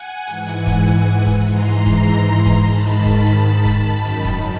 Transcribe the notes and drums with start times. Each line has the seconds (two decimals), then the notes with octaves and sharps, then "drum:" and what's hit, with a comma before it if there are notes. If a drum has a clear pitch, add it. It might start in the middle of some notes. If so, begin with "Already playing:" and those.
Already playing: F#5 G#5
0.27 G#2 E3, drum: hi-hat
0.47 drum: hi-hat
0.67 drum: kick, hi-hat
0.87 drum: hi-hat
1.26 drum: kick, hi-hat
1.46 G#2 E3 A#5 C6, drum: hi-hat
1.66 drum: hi-hat
1.86 drum: kick, hi-hat
2.06 drum: hi-hat
2.46 drum: kick, hi-hat
2.65 G#2 D#3 A5 B5, drum: hi-hat
2.86 drum: hi-hat
3.06 drum: kick, hi-hat
3.25 drum: hi-hat
3.65 drum: kick, hi-hat
3.85 F#2 D#3
4.05 drum: hi-hat
4.25 drum: kick, hi-hat